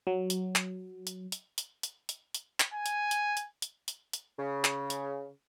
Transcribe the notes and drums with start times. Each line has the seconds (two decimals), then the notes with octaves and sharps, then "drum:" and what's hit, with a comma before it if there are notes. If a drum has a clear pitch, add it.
0.07 F#3
0.30 drum: hi-hat
0.56 drum: clap
1.07 drum: hi-hat
1.32 drum: hi-hat
1.58 drum: hi-hat
1.83 drum: hi-hat
2.09 drum: hi-hat
2.35 drum: hi-hat
2.60 drum: clap
2.73 G#5
2.86 drum: hi-hat
3.11 drum: hi-hat
3.37 drum: hi-hat
3.62 drum: hi-hat
3.88 drum: hi-hat
4.13 drum: hi-hat
4.39 C#3
4.65 drum: clap
4.90 drum: hi-hat